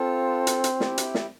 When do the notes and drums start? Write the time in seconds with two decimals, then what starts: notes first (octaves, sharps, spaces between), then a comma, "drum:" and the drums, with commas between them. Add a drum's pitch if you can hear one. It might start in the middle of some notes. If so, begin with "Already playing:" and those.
Already playing: C4 F4 A4
0.47 drum: hi-hat
0.64 drum: hi-hat
0.76 F4
0.80 E4 G4, drum: snare
0.98 drum: hi-hat
1.15 drum: snare